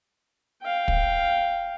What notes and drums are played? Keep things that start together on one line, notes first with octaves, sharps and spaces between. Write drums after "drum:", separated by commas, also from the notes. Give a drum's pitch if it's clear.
F5 G5
drum: kick